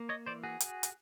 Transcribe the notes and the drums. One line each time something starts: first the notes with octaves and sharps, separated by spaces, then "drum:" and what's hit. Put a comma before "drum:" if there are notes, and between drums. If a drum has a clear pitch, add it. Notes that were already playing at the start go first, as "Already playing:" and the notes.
Already playing: A#3
C#5 D#5
E3 C5 D5
F#4 G#4
drum: hi-hat
drum: hi-hat